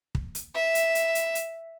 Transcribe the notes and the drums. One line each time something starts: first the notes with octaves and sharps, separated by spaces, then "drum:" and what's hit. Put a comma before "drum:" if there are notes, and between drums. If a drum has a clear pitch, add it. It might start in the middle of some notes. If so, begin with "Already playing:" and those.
drum: kick
drum: hi-hat
E5
drum: hi-hat
drum: hi-hat
drum: hi-hat
drum: hi-hat